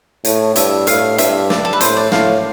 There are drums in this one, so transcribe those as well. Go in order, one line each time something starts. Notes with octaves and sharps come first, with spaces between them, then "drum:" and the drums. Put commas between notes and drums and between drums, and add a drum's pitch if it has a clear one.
A2, drum: hi-hat
G2 E5, drum: hi-hat
A2 F5, drum: hi-hat
G2 E5, drum: hi-hat
D5, drum: snare
A4
B4
A2 C5, drum: hi-hat
D5
A2 F5, drum: snare